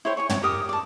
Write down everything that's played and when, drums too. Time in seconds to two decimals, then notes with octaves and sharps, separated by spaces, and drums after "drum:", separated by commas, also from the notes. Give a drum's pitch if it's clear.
0.05 E4 C5 C#5 G5
0.17 C#5 G#5 C#6
0.29 C#5, drum: tom
0.43 G4 A#4 D#6
0.69 D5 A5